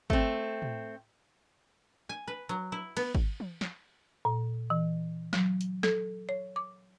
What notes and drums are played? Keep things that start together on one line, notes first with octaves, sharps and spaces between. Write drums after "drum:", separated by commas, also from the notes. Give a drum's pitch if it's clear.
A3 C4, drum: kick G#1
drum: tom
G#5
B4
F#3
E4
B3, drum: cymbal
drum: kick G#1
drum: tom E3
drum: snare
A#2
E3
F#3, drum: snare
drum: hi-hat
A4, drum: snare
C#5
D6